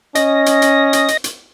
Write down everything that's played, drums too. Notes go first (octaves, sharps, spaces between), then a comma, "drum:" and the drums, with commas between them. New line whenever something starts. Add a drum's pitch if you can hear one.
C#4 D#5 A#6, drum: hi-hat
drum: hi-hat
drum: hi-hat
drum: hi-hat
drum: hi-hat
drum: hi-hat